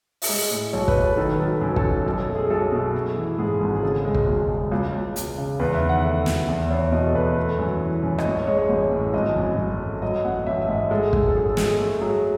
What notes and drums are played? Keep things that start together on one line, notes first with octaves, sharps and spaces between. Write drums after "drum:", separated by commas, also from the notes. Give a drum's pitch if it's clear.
E5, drum: open hi-hat
G#3 D#5
A2
B1 C#5
B4, drum: kick
B1
A4
D#3 A4
B4
F#3 A4
F#2
B4
A4, drum: kick
F#2
A4
B1
A4
A3
G#4
B1 A4
B2 G#4
A3
E3
G#2 G#4
G#1
G#4
C#3 A4
G#3
drum: kick
E1
G#3
C#2
C#2
C#2, drum: hi-hat
C#3
E2 B4
E5
D#3
F#5
A3 E5
E2 E5, drum: snare
E2 E5
E2 C#5
B2 D#5
A4
E2 B4
A3
F#2
E3
F#2
D#5, drum: rim click
A1 C#5
D#5
G#3 C#5
C#5
A1
A2
G#1 D#5
F#2
F#2
A3
F#3 D#5
A1 F#5
A1 E5
E5
G#2 D#5
G#3 A4
G#3, drum: kick
A4
F#2 G#4
A4
G#3, drum: snare
A4
A3 A4
F#3 G#4